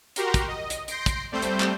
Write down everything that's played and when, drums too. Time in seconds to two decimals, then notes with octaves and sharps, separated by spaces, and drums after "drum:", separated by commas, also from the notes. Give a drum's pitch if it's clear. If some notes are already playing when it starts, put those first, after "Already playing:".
0.16 F#4 G4 A#4 A#5 C6, drum: hi-hat
0.34 drum: kick, hi-hat
0.48 D#5
0.70 drum: hi-hat
0.88 C6 G6 A#6 C7 D7, drum: hi-hat
1.06 drum: kick, hi-hat
1.32 G3 A3 C4 C5 G6
1.42 drum: hi-hat
1.60 drum: clap